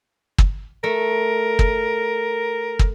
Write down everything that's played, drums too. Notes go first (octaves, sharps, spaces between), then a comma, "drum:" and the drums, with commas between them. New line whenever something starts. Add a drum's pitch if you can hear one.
drum: kick
A3 A#4
drum: kick
drum: kick